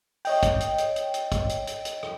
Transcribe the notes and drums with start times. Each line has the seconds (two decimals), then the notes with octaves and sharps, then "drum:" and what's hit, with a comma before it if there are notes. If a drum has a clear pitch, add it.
0.25 C#5 D#5 G5, drum: open hi-hat
0.43 drum: kick, hi-hat
0.60 drum: hi-hat
0.78 drum: hi-hat
0.96 drum: hi-hat
1.14 drum: hi-hat
1.32 drum: kick, hi-hat
1.49 drum: hi-hat
1.67 drum: hi-hat
1.85 drum: hi-hat
2.03 drum: rim click